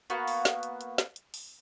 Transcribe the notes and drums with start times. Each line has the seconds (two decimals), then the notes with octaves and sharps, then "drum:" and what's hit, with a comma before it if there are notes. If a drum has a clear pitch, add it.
0.10 A#3 B3 F#4, drum: hi-hat
0.28 drum: open hi-hat
0.45 drum: snare
0.63 drum: hi-hat
0.81 drum: hi-hat
0.98 drum: snare
1.16 drum: hi-hat
1.34 drum: open hi-hat